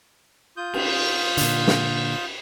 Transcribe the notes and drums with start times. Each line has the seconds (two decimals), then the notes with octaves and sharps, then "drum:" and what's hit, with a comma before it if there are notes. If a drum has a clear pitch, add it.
0.57 F4 D#6 G6
0.74 drum: cymbal
1.37 A#2 D3, drum: hi-hat
1.67 drum: snare